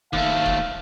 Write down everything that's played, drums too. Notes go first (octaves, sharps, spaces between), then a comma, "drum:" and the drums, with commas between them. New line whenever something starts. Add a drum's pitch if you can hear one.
D#2 A3 F5, drum: kick C#1
drum: kick C#1